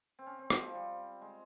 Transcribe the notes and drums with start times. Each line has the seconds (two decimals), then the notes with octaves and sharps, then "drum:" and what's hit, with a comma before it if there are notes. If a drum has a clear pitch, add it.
0.19 C4
0.27 C#4
0.39 C4
0.50 G#3, drum: rim click
0.62 F3
0.74 G3
1.22 G#3